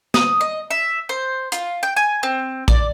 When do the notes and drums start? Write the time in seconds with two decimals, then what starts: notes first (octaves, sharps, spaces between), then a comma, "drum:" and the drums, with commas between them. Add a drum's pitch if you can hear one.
0.14 D#6, drum: snare
0.41 D#5
0.71 E5
1.09 C5
1.52 F4, drum: hi-hat
1.83 G5
1.96 G#5
2.23 C4
2.68 D5, drum: kick A#1